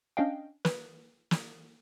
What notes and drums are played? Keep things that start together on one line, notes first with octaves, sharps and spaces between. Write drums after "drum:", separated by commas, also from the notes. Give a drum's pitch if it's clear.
C#4 D4 D#5 F5 G5
B4, drum: snare
drum: snare